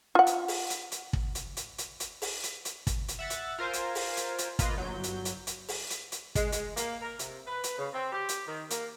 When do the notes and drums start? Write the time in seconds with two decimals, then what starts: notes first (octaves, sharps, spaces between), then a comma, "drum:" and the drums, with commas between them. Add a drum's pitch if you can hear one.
0.15 F4 F#5
0.27 drum: hi-hat
0.48 drum: open hi-hat
0.70 drum: hi-hat
0.92 drum: hi-hat
1.13 drum: kick
1.35 drum: hi-hat
1.57 drum: hi-hat
1.78 drum: hi-hat
2.00 drum: hi-hat
2.22 drum: open hi-hat
2.43 drum: hi-hat
2.65 drum: hi-hat
2.87 drum: kick, hi-hat
3.08 drum: hi-hat
3.19 E5 F#5 A6
3.30 drum: hi-hat
3.59 F4 A#4 C5 G#5
3.73 drum: hi-hat
3.95 drum: open hi-hat
4.17 drum: hi-hat
4.38 drum: hi-hat
4.59 A#3 F4 B4 D#5, drum: kick, hi-hat
4.77 G1 F#3 G6
5.03 drum: hi-hat
5.25 drum: hi-hat
5.47 drum: hi-hat
5.68 drum: open hi-hat
5.90 drum: hi-hat
6.12 drum: hi-hat
6.35 G#3, drum: kick, hi-hat
6.52 G#3, drum: hi-hat
6.77 A#3, drum: hi-hat
7.02 A#4
7.19 C3, drum: hi-hat
7.47 B4
7.64 drum: hi-hat
7.78 C#3
7.93 C4
8.12 G4
8.29 drum: hi-hat
8.47 D#3
8.70 A#3, drum: hi-hat